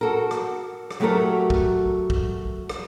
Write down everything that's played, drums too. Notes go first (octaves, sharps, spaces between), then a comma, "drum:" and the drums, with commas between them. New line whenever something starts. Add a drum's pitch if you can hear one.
F#4 A4 A#4
drum: rim click
drum: rim click
F#3 A3 F#4 G4 A4 A#4
drum: kick
drum: kick
drum: rim click